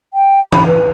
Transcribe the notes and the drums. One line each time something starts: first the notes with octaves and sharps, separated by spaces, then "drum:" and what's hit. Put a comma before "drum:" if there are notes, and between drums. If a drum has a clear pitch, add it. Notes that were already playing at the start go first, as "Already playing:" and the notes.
G5
B5, drum: tom E3
B4